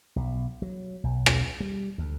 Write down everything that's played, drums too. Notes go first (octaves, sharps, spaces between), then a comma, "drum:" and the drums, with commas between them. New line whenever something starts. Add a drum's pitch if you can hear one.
B1
F#3
B1
drum: rim click
G3
D2